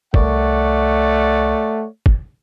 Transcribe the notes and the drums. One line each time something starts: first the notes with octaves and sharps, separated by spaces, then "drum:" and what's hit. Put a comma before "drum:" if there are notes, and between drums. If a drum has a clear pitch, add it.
C2 A3 C#5 D5 F#5, drum: kick
drum: kick